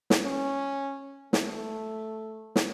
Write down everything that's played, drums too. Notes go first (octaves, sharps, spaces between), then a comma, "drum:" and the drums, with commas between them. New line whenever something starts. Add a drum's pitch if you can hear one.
drum: snare
C#4
A3, drum: snare
drum: snare